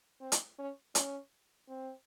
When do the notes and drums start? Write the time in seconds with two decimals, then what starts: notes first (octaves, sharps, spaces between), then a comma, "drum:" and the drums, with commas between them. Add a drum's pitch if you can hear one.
0.21 C4
0.32 drum: hi-hat
0.58 C#4
0.95 C#4, drum: hi-hat
1.69 C4